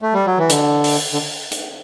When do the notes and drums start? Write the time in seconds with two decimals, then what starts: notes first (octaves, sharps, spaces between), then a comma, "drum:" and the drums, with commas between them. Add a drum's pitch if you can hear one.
0.02 A3
0.14 G3
0.26 F#3
0.38 E3
0.49 D3, drum: hi-hat
0.84 drum: open hi-hat
1.13 D3
1.52 drum: hi-hat